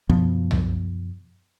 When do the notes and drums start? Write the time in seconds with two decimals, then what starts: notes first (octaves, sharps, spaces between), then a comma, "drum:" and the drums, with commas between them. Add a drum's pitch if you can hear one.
0.09 F#2 B2 F3 B3, drum: kick
0.51 drum: tom C2